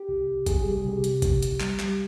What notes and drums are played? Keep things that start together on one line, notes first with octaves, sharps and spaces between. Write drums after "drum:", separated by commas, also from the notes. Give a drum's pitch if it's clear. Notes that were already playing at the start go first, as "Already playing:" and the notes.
Already playing: G4
C2
C2
C2 G#4, drum: kick, hi-hat
G3 G4
G#4
C3 G4
C3, drum: hi-hat
C2, drum: kick, hi-hat
C2, drum: hi-hat
G3, drum: clap
G3, drum: clap